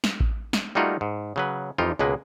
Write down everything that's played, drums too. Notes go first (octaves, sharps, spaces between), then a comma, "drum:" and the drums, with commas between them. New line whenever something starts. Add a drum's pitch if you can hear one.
drum: snare
drum: kick A1
drum: snare
G3 A3 A#3 D#4 F4 F#4
G#2
C#3 F#3 B4
F2 E3 D#4 F4 G4
C#2 B2 G#3 A#3 B4